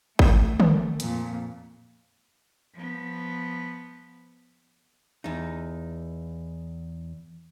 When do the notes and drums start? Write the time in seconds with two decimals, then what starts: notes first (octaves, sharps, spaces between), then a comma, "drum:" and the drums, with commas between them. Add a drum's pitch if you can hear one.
0.19 A3, drum: kick G#1
0.60 drum: tom
1.00 F2 A#2, drum: hi-hat
2.74 F3 B3
5.24 E2 D#4